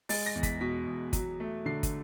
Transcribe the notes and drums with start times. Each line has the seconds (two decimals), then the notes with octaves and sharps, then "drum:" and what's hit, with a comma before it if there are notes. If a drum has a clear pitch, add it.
0.09 G#3 A6, drum: open hi-hat
0.26 A#6
0.35 E2
0.43 B6, drum: kick, hi-hat
0.61 B2 B6
0.87 E2
1.13 F#3, drum: kick, hi-hat
1.40 A3
1.66 D3 C7
1.83 drum: kick, hi-hat